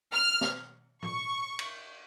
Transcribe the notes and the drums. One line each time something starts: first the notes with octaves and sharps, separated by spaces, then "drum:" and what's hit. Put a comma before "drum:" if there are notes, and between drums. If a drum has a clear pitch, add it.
F6
drum: snare
C#6, drum: tom A2
drum: cymbal